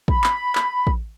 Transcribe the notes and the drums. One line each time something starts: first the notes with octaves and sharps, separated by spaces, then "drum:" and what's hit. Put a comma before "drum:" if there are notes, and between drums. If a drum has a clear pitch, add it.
B5, drum: kick
drum: clap
drum: clap
drum: kick